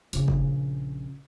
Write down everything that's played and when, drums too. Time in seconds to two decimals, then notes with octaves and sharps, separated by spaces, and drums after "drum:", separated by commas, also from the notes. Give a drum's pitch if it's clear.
0.13 A#1 C#3, drum: hi-hat
0.28 drum: kick G1